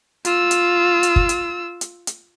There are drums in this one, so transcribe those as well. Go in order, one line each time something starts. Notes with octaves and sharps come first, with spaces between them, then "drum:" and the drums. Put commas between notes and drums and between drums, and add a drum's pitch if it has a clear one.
F4 E6, drum: hi-hat
drum: hi-hat
drum: hi-hat
drum: kick
drum: hi-hat
drum: hi-hat
drum: hi-hat